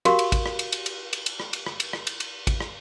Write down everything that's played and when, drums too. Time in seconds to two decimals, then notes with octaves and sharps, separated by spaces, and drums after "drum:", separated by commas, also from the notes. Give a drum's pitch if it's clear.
0.05 F#4 G4 A#4 F5, drum: cymbal
0.19 drum: cymbal
0.32 drum: kick, cymbal
0.46 drum: rim click
0.59 drum: cymbal
0.72 drum: cymbal
0.86 drum: cymbal
1.13 drum: cymbal
1.26 drum: cymbal
1.40 drum: rim click
1.53 drum: cymbal
1.66 drum: rim click
1.80 drum: cymbal
1.93 drum: rim click
2.07 drum: cymbal
2.20 drum: cymbal
2.47 drum: kick, cymbal
2.60 drum: rim click